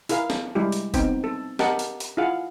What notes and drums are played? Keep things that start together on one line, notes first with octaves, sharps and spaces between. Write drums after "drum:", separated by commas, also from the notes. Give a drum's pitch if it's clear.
E4 G#4 A#4 F5, drum: hi-hat
drum: snare
G3 G#3 E4 G4
drum: hi-hat
B3 C4 D#4 G5, drum: kick F1, hi-hat
A4
G4 A#4 D#5 F#5 A5, drum: snare
drum: hi-hat
drum: hi-hat
E4 F4 G#4 F5 F#5